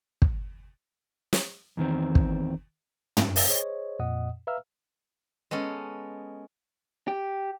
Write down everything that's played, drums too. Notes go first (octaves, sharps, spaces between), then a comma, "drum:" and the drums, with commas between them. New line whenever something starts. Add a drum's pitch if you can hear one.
drum: kick
drum: snare
E2 D#3 C4
drum: kick
drum: tom
A#4 E5 F5 A5, drum: open hi-hat
G#4 C5 C#5 D#5
F2 A#2 D#5 F#5 D#6
B4 E5 F5 A#5 E6 F6
G#3 B3 C#4 A4
G4